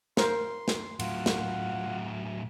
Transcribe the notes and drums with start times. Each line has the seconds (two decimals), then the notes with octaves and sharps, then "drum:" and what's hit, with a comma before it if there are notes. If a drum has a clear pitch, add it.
0.17 A#4 C5 C6, drum: snare
0.68 drum: snare
1.00 A2 F#3 F4 F#5, drum: cymbal
1.26 drum: snare